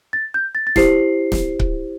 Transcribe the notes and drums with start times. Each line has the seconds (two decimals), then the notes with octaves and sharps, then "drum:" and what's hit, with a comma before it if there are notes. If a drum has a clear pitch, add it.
0.13 A6
0.34 G6
0.55 A6
0.67 A6
0.76 E4 G4 C5 C7, drum: snare
1.32 drum: snare
1.60 drum: kick C#1